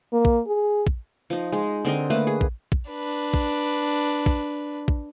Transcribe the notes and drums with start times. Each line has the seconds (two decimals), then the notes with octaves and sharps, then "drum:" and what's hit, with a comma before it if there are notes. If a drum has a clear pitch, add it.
0.13 A#3
0.25 drum: kick
0.47 G#4
0.87 drum: kick
1.30 F3 D#4
1.52 G#3 D#4
1.85 D3 C4 A#4 D#5
2.10 A3 A#3 B4
2.27 G#4
2.41 drum: kick
2.72 drum: kick
2.90 D4 B4
3.34 drum: kick
4.26 drum: kick
4.88 drum: kick